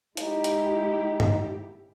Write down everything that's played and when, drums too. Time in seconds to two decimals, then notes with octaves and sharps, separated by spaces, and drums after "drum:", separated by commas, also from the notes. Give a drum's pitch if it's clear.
0.17 G#3 D#4 E4 G4, drum: hi-hat
0.44 drum: hi-hat
1.20 drum: tom G2